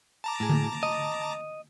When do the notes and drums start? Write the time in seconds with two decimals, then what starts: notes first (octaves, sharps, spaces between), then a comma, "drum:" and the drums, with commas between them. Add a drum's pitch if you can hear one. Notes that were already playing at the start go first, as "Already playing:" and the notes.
0.24 A5 A#5 D6
0.40 A2 G#4
0.49 drum: tom D3
0.83 D#5